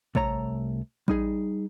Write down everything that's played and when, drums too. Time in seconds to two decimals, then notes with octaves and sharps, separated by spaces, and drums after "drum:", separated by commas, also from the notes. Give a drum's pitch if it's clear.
0.15 C2 A3 C#5 A#5, drum: kick A1
1.08 G3 D#4 G#4, drum: kick A1